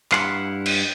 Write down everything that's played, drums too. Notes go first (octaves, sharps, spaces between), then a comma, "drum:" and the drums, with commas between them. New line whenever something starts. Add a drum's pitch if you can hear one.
G2 E4 F5 F#5 C6, drum: clap
drum: cymbal